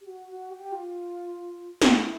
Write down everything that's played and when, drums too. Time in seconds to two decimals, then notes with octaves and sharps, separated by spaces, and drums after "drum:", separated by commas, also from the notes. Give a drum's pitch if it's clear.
0.01 G4
0.07 F#4
0.28 F#4
0.50 G4
0.72 F4
1.82 E4, drum: snare